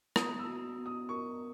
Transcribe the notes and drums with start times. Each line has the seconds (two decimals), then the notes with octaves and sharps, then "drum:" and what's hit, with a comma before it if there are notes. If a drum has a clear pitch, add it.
0.16 B3 D#6, drum: rim click
0.39 E6
0.47 F#4
0.79 B3
0.86 D#6
1.09 A#4 C#6